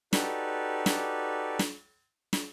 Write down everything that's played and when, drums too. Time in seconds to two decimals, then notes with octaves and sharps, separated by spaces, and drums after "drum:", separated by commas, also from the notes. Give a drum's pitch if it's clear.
0.13 D#4 F#4 G4 A4 B4 D5, drum: snare
0.86 drum: snare
1.59 drum: snare
2.33 drum: snare